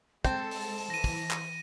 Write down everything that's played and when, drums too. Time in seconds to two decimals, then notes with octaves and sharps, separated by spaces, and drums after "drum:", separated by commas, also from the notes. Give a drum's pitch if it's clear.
0.25 G#3 C4 A4 A5, drum: kick, hi-hat
0.51 drum: open hi-hat
0.78 drum: open hi-hat
0.90 E3 A#6 D#7
1.04 drum: kick, open hi-hat
1.31 drum: clap